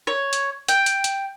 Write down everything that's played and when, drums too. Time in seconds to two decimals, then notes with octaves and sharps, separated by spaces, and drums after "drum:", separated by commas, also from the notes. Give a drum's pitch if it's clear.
0.07 C#5
0.33 drum: hi-hat
0.68 G5, drum: hi-hat
0.86 drum: hi-hat
1.04 drum: hi-hat